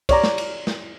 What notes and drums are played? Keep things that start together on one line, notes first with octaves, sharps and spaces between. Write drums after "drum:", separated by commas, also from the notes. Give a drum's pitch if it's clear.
C#5 D5 A#5, drum: kick, cymbal
drum: snare
drum: cymbal
drum: snare